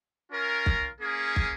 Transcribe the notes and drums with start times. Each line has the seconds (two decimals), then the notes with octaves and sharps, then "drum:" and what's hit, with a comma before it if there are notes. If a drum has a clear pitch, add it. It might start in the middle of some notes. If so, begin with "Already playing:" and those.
0.32 C#4 F4 A#4
0.66 drum: kick
1.01 A#3 C#4 G#4
1.36 drum: kick